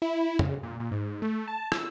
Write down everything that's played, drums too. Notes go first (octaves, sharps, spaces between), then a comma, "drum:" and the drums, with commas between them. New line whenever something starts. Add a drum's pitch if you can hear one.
E4
C#3, drum: tom
A#2
A#2
G#2
A3
A5
E6, drum: rim click